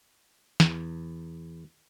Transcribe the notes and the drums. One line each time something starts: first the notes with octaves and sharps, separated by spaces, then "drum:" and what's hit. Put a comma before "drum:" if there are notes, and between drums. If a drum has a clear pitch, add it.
E2, drum: snare